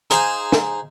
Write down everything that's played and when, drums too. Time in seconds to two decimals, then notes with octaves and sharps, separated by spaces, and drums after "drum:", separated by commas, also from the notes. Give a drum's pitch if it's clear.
0.10 D#4 G#4 C5 F5 G#5, drum: hi-hat
0.52 drum: snare